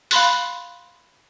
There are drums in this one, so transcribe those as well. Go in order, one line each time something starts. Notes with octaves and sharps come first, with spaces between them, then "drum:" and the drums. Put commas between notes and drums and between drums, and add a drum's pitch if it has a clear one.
F5 B5 C6 F#6, drum: open hi-hat